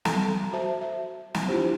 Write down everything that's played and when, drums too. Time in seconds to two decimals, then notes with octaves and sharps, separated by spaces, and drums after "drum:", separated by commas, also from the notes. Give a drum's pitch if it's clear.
0.05 G3 A4 A5 A#5, drum: snare
0.53 F#4 C5 E5 A5
0.81 E5
1.35 drum: snare
1.48 D4 E4 F4 G4 C5